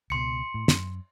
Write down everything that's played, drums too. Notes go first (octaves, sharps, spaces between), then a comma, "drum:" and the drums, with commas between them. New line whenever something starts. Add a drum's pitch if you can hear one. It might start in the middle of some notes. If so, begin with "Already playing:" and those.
C#2 B2 C6 C#7
A2
F#2, drum: snare